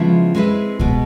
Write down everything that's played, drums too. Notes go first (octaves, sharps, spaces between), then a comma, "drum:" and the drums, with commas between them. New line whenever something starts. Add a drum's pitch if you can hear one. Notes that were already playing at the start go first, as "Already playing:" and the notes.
Already playing: C#3 F3 G#3 B3 E4
G#3 C4 E4 G#4 B4
B2 G#3 B3, drum: kick C2